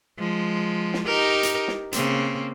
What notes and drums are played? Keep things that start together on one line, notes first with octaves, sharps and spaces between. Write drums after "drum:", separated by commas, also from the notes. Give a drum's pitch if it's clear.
F3 G#3
drum: snare
D#4 G4 A#4
drum: hi-hat
drum: snare
C#3 A#3 C4, drum: hi-hat